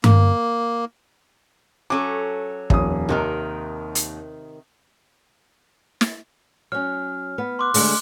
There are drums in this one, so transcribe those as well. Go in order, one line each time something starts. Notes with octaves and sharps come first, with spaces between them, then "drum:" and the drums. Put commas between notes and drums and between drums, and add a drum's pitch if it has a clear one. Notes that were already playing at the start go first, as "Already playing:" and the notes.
A#3, drum: tom G2
F#3 C#4 A4 D6
D#1 F2 D#6, drum: kick
D#2 C3 D#3 A#4
drum: hi-hat
drum: snare
F#3 C#4 F6
B3
C6 D6 F#6
D3 G#3 A3, drum: open hi-hat